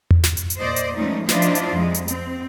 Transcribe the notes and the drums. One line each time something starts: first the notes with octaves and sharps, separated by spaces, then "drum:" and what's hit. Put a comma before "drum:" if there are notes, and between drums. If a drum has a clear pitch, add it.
drum: tom E2
drum: snare
drum: hi-hat
drum: hi-hat
A#2 C5 D5 D#5
drum: hi-hat
E3 F3 G#3 A3 C#4 D#4
F3 D4 E4 F4 C5 D#5, drum: snare
drum: hi-hat
drum: hi-hat
F2 G#3
drum: hi-hat
C4, drum: hi-hat